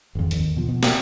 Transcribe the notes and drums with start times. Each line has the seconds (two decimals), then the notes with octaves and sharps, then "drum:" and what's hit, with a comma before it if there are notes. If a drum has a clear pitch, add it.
0.15 G#1 F2
0.31 D#2, drum: hi-hat
0.56 B2 F3
0.69 B2
0.83 drum: snare